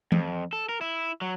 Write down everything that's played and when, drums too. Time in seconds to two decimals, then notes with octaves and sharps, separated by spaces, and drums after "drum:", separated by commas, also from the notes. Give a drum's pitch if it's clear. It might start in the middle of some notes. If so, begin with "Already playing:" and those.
0.12 F2, drum: tom E3
0.53 A4
0.69 A#4
0.81 E4
1.21 F#3